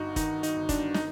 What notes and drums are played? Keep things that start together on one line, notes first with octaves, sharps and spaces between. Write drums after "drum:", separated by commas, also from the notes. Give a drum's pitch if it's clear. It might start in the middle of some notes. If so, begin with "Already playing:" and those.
Already playing: G1 G2 D#4 F#4
D#3 D#4, drum: kick F1, hi-hat
D#4, drum: hi-hat
G1
D4, drum: kick F1, hi-hat
D#4, drum: snare